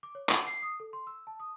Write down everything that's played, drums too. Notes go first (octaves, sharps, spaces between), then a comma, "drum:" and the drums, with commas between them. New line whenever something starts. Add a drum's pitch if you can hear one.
D6
C#5
D6, drum: clap
C7
D#6
A4
C6
E6
A5
D#6